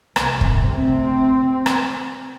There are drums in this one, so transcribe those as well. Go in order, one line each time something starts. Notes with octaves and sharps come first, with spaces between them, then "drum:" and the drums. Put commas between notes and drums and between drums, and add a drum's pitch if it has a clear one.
C2 C3, drum: rim click
drum: kick
D2 C3 C4
drum: rim click